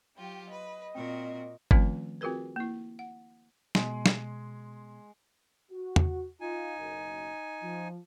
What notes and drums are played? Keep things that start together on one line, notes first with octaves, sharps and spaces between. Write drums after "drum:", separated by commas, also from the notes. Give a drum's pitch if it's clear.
F#3 F4 G4 G5
B4 D#5
A#2 C4 F#4 A#4
D#3 F3 A3 C4 C#4 F4, drum: kick G1
C4 F4 F#4 G#4 A#4 B4
A#3 E4
F#5
B2 G#3, drum: snare
drum: snare
F#4
drum: tom
D#4 F4 G#5
F#1 B1 F#2
F3